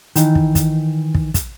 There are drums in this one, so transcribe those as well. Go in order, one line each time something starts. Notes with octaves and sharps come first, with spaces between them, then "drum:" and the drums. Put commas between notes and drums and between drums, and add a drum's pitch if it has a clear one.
D#3 E3 D#4, drum: hi-hat
drum: kick
drum: kick, hi-hat
drum: kick
drum: kick, hi-hat